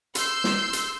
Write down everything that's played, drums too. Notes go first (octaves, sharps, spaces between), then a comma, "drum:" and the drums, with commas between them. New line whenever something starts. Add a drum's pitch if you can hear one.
C6 E6 G6, drum: hi-hat
drum: snare
drum: hi-hat